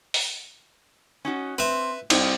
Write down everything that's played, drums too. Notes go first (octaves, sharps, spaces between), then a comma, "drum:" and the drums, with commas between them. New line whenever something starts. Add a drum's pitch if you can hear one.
drum: open hi-hat
C#4 D#4 F#4
C4 B4 E5
C2 D#4, drum: cymbal